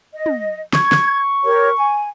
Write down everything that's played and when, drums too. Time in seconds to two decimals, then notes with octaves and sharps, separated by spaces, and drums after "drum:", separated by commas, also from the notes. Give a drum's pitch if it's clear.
0.14 D#5
0.26 drum: tom
0.73 C#6 G#6, drum: snare
0.92 drum: snare
1.44 G4 A#4 C#5
1.77 G#5